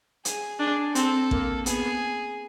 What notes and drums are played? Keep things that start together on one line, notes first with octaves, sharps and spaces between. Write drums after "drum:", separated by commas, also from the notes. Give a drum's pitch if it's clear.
G#4, drum: hi-hat
D4 G#4
C4 A4, drum: hi-hat
A#3, drum: kick A1
B3 G#4, drum: hi-hat